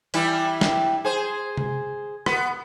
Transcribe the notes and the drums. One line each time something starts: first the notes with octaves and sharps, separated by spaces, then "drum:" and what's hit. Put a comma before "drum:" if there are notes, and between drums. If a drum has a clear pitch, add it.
E3 G3 E4, drum: open hi-hat
drum: snare
G#4 C5
drum: tom C3
B3, drum: rim click